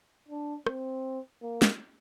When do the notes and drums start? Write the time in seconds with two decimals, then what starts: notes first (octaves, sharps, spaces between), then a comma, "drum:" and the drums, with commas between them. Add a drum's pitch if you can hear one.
0.28 D4
0.66 C4, drum: rim click
1.42 A#3
1.62 drum: snare